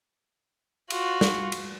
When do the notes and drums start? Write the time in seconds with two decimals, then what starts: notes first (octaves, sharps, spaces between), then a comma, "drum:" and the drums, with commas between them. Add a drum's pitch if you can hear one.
0.90 F4 F#4, drum: cymbal
1.21 drum: snare
1.52 drum: cymbal